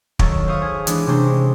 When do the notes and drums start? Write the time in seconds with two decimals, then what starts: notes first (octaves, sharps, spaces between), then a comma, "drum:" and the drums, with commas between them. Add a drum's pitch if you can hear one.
0.19 D#3 F#3 A4 C#5, drum: kick
0.47 C5 E5 F5 C#6 D#6
0.62 G#4 G#6
0.87 E3 G#3 B3 D4, drum: hi-hat
1.06 C3 A3 C#4 D4 C5
1.26 G#3